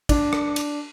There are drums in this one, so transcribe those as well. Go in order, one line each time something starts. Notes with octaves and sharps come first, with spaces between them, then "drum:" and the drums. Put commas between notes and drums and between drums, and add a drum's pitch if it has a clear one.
D4, drum: kick, cymbal
drum: rim click
drum: cymbal